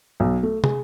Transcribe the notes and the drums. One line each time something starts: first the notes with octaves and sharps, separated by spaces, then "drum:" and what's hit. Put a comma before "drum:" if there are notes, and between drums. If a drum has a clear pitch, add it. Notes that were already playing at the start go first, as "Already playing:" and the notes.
B1
A3
G#4, drum: tom